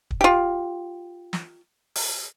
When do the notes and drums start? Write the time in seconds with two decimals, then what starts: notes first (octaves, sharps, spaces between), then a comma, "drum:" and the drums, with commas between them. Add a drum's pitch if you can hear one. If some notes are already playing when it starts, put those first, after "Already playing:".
0.11 drum: kick
0.21 F4 G4
1.33 drum: snare
1.95 drum: open hi-hat